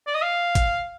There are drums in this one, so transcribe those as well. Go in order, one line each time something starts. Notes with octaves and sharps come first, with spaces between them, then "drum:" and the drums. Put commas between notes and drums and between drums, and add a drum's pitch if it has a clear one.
D5
D#5
F5
drum: kick, hi-hat